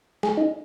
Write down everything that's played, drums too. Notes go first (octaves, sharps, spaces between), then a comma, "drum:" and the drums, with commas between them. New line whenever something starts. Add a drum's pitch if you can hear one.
G#4, drum: snare
D#4